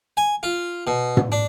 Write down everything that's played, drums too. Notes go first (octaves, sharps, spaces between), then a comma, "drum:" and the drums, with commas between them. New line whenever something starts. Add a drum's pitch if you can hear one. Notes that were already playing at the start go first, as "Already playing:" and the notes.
G#5
F4
B2
drum: tom
D4